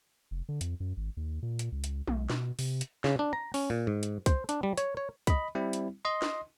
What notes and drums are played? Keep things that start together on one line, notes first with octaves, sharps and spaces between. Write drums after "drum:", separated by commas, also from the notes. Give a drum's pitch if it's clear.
F1
D3
F2, drum: hi-hat
F#2
G#1
D#2
A#2
drum: hi-hat
C#2
drum: hi-hat
B1, drum: tom G#3
B2, drum: snare
C3, drum: open hi-hat
drum: hi-hat
C#3, drum: snare
D4
A#5
C#4, drum: open hi-hat
A#2
G#2
drum: hi-hat
C5, drum: kick, hi-hat
D4, drum: hi-hat
G3
C#5, drum: hi-hat
C#5
D#5 B5, drum: kick, hi-hat
G3 C4 E4
drum: hi-hat
D#5 C6
drum: snare